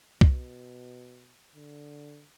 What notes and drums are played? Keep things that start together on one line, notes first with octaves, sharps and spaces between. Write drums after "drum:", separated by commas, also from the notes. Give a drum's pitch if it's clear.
B2, drum: kick C2
D3